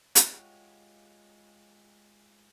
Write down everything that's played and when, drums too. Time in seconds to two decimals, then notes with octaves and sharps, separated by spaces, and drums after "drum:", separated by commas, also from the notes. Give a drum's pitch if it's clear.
0.15 G#3 F4 G4 C#5 F#5, drum: hi-hat